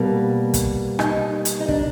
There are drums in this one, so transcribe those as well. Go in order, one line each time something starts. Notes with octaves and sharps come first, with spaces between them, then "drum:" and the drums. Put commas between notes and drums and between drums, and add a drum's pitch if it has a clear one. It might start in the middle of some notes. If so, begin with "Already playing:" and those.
Already playing: B2 G3 A#3
drum: kick, hi-hat
D#4, drum: rim click
drum: hi-hat
D#4
D4, drum: kick